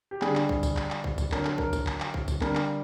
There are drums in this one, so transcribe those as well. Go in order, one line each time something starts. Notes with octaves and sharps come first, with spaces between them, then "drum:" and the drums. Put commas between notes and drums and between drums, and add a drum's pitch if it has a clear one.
G4
D3 G3 G#4, drum: clap
drum: clap
drum: kick
drum: kick, tambourine
drum: clap
drum: clap
drum: kick
drum: kick, tambourine
D3 F#3 A#4, drum: clap
A4, drum: clap
A#4, drum: kick
drum: kick, tambourine
drum: clap
drum: clap
drum: kick
drum: kick, tambourine
D3 G3 A#4, drum: clap
drum: clap